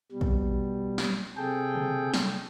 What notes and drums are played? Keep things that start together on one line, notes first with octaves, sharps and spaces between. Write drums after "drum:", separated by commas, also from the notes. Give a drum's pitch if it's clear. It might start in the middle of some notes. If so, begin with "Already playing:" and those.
B2 G3
drum: kick
drum: snare
C3 G#4 A4 G5
drum: tom C#3
drum: snare